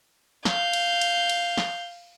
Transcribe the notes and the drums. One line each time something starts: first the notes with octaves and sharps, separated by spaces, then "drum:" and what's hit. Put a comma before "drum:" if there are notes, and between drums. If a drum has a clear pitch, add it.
F5 G6, drum: snare
drum: cymbal
drum: cymbal
drum: cymbal
drum: snare